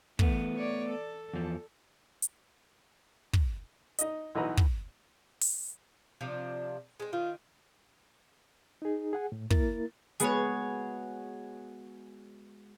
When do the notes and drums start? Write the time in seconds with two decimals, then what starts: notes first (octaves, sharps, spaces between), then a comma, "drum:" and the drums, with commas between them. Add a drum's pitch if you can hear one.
0.19 E3 A3 B3, drum: kick
0.57 C#5 D5
0.90 A4
1.33 E2 F3
2.22 drum: hi-hat
3.33 drum: kick
3.99 D#4 D#5, drum: hi-hat
4.35 B1 E3 D#4 F#4 B4 A#5
4.57 drum: kick
5.41 drum: open hi-hat
6.21 C3 F3 D4
7.00 G#3 C4
7.13 D#3 F4
8.82 D#4 G#4
9.13 G#4 F#5 G#5
9.32 A2
9.50 A#3 E4 A#4 A6, drum: kick
10.20 G#3 B3 F#4 G#4 C#5, drum: hi-hat